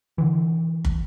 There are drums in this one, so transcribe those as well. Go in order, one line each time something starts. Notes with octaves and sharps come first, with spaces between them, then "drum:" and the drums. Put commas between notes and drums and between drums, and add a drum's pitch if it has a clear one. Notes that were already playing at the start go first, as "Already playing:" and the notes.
D3 E3
drum: kick